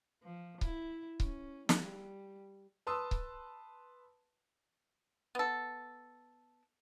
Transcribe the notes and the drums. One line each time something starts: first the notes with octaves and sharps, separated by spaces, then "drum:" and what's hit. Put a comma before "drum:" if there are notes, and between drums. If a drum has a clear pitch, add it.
F3
E4, drum: kick C#1
C#4, drum: kick C#1
G3, drum: snare
B4 A5 C6 D#6 E6
drum: kick C#1
B3 A4